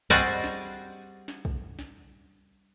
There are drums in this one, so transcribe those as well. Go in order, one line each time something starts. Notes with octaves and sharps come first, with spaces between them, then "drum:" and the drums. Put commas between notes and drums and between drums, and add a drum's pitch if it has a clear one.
G3 C4 F#4 G#4 D5 D#5, drum: kick
drum: snare
drum: snare
drum: kick
drum: snare